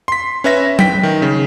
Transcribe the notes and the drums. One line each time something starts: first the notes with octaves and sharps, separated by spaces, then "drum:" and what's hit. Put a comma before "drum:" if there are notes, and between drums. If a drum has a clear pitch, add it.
C6 B6
C#4 B4 E5 A#6
G5 B6, drum: tom F#3
D#3
C#3